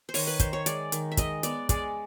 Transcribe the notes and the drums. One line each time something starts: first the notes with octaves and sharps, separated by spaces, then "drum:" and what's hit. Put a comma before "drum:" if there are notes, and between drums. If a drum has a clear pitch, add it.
C5
D#3 C#5, drum: open hi-hat
B4
D#3 C5, drum: kick, hi-hat
C#5
G#3 D5, drum: hi-hat
D#3, drum: hi-hat
E5
G#3 D#5, drum: kick, hi-hat
B3 D5, drum: hi-hat
G#3 D5, drum: kick, hi-hat